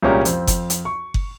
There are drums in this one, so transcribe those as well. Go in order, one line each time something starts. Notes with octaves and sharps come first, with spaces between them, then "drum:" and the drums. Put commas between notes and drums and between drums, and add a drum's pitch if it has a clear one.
C2 A#2 G#3 C#4 G4 A#4
F2 C4, drum: hi-hat
drum: kick F#1, hi-hat
drum: hi-hat
C#6
drum: kick F#1